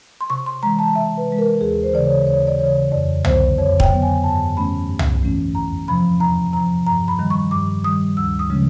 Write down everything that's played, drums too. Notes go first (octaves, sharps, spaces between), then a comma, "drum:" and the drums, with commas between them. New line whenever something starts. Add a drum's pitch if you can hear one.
C6
C3 C#6
C6
E3 G#3 A#5
A5
C3 E5
B4
E3 G#3
A#4
D#2 G#4
C5
C#3 E3 D5
C#5
D#2 C#5
D5
C#3 E3 C#5
F2 D5
D3 F#3 B3 C5, drum: tom C2
F2 C#5
G5, drum: kick
D3 F#3 B3
G#5
G2 A5
E3 A3 C#4 B5
G2
drum: tom C2
E3 A3 C#4
E2 A#5
C3 F3 B5
E2 A#5
C3 F3 A#5
G2 A#5
B5
D#3 G3
C#6
G2 D6
D#3 G3 D#6
D2 E6
D#6
C#3 F3 G#3 C#4